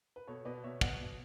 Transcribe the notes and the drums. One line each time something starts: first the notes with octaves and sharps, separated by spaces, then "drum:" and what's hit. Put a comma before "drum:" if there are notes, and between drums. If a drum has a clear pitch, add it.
B4
B2 A4 C#5
B2 B4 D5
B2 C#5 E5
B2 D5 F#5, drum: kick
B2